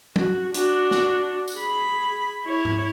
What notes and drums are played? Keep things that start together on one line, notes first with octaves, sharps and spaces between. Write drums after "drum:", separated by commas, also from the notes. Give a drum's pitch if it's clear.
F#4, drum: tom
D4 F#4, drum: hi-hat
drum: snare
drum: tambourine
G#4 B5
E4 C#5
drum: tom G#2